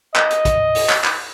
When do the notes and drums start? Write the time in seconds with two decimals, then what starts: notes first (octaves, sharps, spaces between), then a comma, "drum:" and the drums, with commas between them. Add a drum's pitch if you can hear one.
0.16 D#5, drum: clap
0.30 drum: hi-hat
0.45 drum: kick, hi-hat
0.75 drum: open hi-hat
0.89 drum: clap
1.04 drum: clap